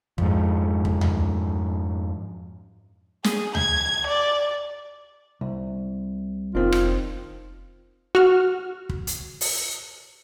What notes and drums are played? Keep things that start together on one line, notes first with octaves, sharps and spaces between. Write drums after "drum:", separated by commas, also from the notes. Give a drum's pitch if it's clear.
F2 G#2, drum: kick
drum: kick
drum: tom D2
G#4, drum: snare
G#6, drum: tom D2
D5
C2
F1 D#3 C4 D4 F4
drum: rim click
F#4 F6
drum: kick
drum: hi-hat
drum: open hi-hat